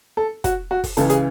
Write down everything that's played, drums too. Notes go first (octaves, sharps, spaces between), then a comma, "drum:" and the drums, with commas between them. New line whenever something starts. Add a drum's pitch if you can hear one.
A4
F#4, drum: kick, hi-hat
F#4
drum: kick, open hi-hat
C#2 C#3 E3 A4, drum: hi-hat
G#4, drum: hi-hat